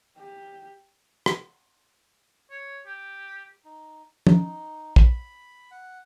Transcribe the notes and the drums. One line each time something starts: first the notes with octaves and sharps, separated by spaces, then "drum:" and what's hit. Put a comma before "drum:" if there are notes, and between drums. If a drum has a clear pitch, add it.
G4
drum: rim click
C#5
G4
D#4
D#4, drum: tom F3
B5, drum: kick
F#5